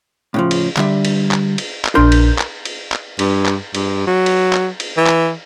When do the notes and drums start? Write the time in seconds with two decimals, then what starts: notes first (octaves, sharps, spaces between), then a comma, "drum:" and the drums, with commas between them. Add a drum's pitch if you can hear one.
0.34 A2 C#3 F3
0.51 drum: cymbal
0.77 D3 G3 E5, drum: clap
1.05 drum: cymbal
1.31 drum: clap
1.58 drum: cymbal
1.85 drum: clap
1.95 A#1 D4 A#4 C6 G6
2.12 drum: cymbal
2.39 drum: clap
2.65 drum: cymbal
2.92 drum: clap
3.19 G2, drum: cymbal
3.46 drum: clap
3.75 G2, drum: cymbal
4.07 F#3
4.26 drum: cymbal
4.53 drum: clap
4.80 drum: cymbal
4.97 E3
5.07 drum: clap